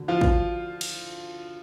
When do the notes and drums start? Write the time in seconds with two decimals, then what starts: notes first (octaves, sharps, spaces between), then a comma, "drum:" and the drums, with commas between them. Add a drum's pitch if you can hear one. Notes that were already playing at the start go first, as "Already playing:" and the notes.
Already playing: D2 D3
0.08 F3 F4
0.21 drum: kick
0.81 drum: cymbal